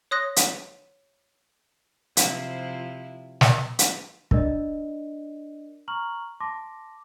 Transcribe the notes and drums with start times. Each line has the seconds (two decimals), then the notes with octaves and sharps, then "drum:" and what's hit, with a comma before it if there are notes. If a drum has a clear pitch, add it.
0.11 C#5 C6 D#6 F#6 A#6
0.36 drum: hi-hat
2.17 C3 F3 E4, drum: hi-hat
3.41 drum: snare
3.79 drum: hi-hat
4.31 D4 A#4 D5 D#5, drum: kick
5.88 A#5 C#6 F6 F#7
6.40 A5 C6 D6 A#6